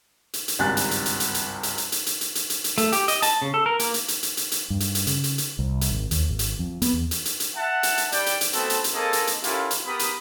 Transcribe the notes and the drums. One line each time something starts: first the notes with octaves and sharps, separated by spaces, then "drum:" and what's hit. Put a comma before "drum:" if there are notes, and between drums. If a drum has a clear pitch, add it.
drum: hi-hat
drum: hi-hat
G#1 C#2 G2 G#5 F#6 A6
drum: hi-hat
drum: hi-hat
drum: hi-hat
drum: hi-hat
drum: hi-hat
drum: hi-hat
drum: hi-hat
drum: hi-hat
drum: hi-hat
drum: hi-hat
drum: hi-hat
drum: hi-hat
drum: hi-hat
A3, drum: hi-hat
G4, drum: hi-hat
D#5, drum: hi-hat
A5, drum: hi-hat
C#3
A4
A#4
A#3, drum: hi-hat
drum: hi-hat
drum: hi-hat
drum: hi-hat
drum: hi-hat
drum: hi-hat
G2
drum: hi-hat
drum: hi-hat
C#3, drum: hi-hat
drum: hi-hat
drum: hi-hat
C2
drum: hi-hat
G#1
D#2, drum: hi-hat
G#1
drum: hi-hat
F2
B3, drum: hi-hat
E2
drum: hi-hat
drum: hi-hat
drum: hi-hat
E5 F#5 A5
drum: hi-hat
drum: hi-hat
G3 D5 G5, drum: hi-hat
drum: hi-hat
drum: hi-hat
A3 B3 C4 F#4 A4 A5, drum: hi-hat
drum: hi-hat
drum: hi-hat
A#3 C4 G#4 A4 D#5 A5
drum: hi-hat
drum: hi-hat
C#4 E4 F4 G4 A4 A#4, drum: hi-hat
drum: hi-hat
B3 G4 A#4 B5 D#6
drum: hi-hat